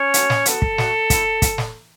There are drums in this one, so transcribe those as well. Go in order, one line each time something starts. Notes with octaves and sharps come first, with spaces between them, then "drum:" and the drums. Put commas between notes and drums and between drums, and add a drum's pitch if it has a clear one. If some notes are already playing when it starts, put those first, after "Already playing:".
Already playing: C#4 C#5
A3 F#4, drum: hi-hat
drum: snare
B3 F#4 A4, drum: hi-hat
drum: kick
A3 F#4, drum: snare
A3 E4, drum: kick, hi-hat
drum: kick, hi-hat
drum: snare